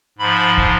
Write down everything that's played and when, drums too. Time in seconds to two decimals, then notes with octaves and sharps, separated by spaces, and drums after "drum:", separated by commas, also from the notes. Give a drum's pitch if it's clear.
0.19 G#2 F3 B5
0.57 drum: kick